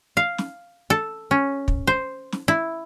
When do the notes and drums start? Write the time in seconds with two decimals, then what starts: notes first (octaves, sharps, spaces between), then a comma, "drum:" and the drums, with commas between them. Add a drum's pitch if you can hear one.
0.17 F5
0.38 drum: snare
0.90 A4
1.31 C#4
1.68 drum: kick
1.87 C5
2.32 drum: snare
2.48 E4